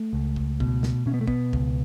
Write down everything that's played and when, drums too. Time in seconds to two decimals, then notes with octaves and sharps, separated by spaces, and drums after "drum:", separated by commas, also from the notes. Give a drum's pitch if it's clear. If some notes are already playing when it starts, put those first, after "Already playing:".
Already playing: A3
0.13 C#2
0.36 drum: kick
0.60 B2, drum: kick
0.83 drum: snare
1.06 B2 C#4
1.14 B3
1.21 A3
1.28 B3, drum: kick
1.53 C#2, drum: kick